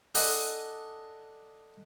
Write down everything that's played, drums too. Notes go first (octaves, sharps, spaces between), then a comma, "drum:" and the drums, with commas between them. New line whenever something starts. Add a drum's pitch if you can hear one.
D4 A4 D#5 F#5 G#5 A5, drum: open hi-hat